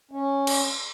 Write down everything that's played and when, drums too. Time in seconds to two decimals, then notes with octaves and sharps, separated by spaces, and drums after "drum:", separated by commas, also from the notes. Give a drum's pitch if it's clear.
0.11 C#4
0.47 drum: cymbal